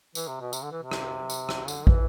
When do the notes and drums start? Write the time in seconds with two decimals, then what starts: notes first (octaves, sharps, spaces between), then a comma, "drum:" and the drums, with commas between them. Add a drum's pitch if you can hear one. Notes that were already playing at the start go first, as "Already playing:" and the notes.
0.15 E3, drum: tambourine
0.28 C3
0.41 B2
0.53 C3, drum: tambourine
0.63 D3
0.72 E3
0.82 C3
0.91 drum: rim click
1.30 drum: tambourine
1.49 drum: rim click
1.68 D3, drum: tambourine
1.87 E3, drum: kick